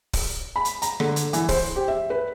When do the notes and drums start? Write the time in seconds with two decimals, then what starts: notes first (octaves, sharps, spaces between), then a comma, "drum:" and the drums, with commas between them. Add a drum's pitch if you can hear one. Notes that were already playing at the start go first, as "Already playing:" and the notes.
0.13 drum: kick, open hi-hat
0.56 B5
0.65 drum: hi-hat
0.82 A#5, drum: hi-hat
1.00 D3, drum: rim click
1.16 drum: hi-hat
1.33 E3, drum: hi-hat
1.49 C5, drum: kick, open hi-hat
1.76 G4
1.88 E5
2.10 B4